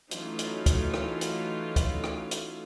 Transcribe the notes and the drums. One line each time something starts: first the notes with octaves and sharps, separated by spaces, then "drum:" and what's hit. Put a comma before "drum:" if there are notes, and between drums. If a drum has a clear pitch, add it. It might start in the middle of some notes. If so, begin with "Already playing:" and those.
E3 F#3 A3 C#4 D#4 F4, drum: hi-hat
drum: hi-hat
drum: kick, hi-hat
drum: rim click
drum: hi-hat
drum: kick, hi-hat
drum: rim click
drum: hi-hat